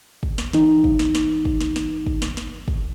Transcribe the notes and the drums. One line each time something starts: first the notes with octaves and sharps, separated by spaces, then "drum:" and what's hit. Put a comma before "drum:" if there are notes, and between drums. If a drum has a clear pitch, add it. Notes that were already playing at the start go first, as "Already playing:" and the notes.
drum: kick
drum: snare
E3 D#4, drum: snare
drum: kick
drum: snare
drum: snare
drum: kick
drum: snare
drum: snare
drum: kick
drum: snare
drum: snare
drum: kick